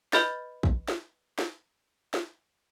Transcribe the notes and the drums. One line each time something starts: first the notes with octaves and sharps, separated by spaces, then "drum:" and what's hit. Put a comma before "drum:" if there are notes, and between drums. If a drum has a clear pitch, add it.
B4 D#5 B5 F6 G6 A6, drum: snare
drum: kick
drum: snare
drum: snare
drum: snare